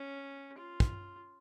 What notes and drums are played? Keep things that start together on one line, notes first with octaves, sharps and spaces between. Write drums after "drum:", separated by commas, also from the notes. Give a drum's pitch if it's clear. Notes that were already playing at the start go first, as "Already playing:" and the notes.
Already playing: C#4
F4
drum: kick